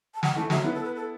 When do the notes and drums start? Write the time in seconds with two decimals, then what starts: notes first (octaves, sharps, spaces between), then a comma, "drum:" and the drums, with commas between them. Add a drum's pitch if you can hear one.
0.14 A5
0.23 F#5, drum: snare
0.36 E3 A3 A5
0.50 D3 F#3 E5, drum: snare
0.64 B3 E4 B4
0.74 A4
0.84 B4
0.95 A4